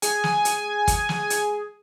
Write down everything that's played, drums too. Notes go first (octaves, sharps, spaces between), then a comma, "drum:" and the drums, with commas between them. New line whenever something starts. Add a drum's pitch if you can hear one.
G#4 G#5, drum: hi-hat
drum: snare
drum: hi-hat
drum: kick, hi-hat
drum: snare
drum: hi-hat